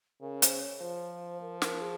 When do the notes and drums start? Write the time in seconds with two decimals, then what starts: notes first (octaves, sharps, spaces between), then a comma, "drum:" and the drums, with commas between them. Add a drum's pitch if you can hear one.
0.22 C#3 A#4
0.42 C5, drum: hi-hat
0.61 C#5
0.81 F3 C5
1.41 A#4
1.62 A#4, drum: snare
1.81 G#4